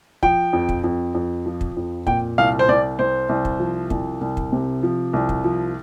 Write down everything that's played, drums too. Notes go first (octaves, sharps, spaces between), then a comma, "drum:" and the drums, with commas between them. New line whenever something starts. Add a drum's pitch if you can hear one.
F3 G5, drum: kick
F2
drum: kick
F2
F2
F3
drum: kick
F2
A#2 G5, drum: kick
C2 F5
C5
C2 D5
C2 C5
C2
drum: kick
F3
C2, drum: kick
C2
drum: kick
C3
F3
C2
drum: kick
F3